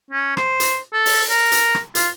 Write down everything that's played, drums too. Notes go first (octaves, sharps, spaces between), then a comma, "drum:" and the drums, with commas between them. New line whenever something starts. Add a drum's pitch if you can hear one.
C#4
C5, drum: rim click
drum: hi-hat
A4
drum: open hi-hat
A#4
drum: hi-hat
drum: rim click
F4, drum: hi-hat